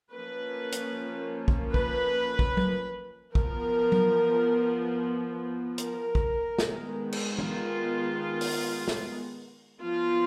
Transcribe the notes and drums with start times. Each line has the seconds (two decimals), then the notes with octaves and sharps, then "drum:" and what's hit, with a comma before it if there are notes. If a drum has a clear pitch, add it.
0.12 F3 A#3 C#4 B4
0.72 drum: hi-hat
1.48 drum: kick
1.74 B4, drum: kick
2.39 drum: kick
2.57 drum: tom F#3
3.35 F3 B3 A#4, drum: kick
3.92 drum: tom F#3
5.78 A#4, drum: hi-hat
6.15 drum: kick
6.58 D#3 G#3 B3, drum: snare
7.13 drum: cymbal
7.39 F4, drum: tom
8.41 drum: open hi-hat
8.88 drum: snare
9.81 F3 B3 F4